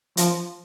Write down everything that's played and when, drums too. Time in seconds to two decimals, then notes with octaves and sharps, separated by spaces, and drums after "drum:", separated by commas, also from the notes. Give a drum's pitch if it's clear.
0.17 F3, drum: hi-hat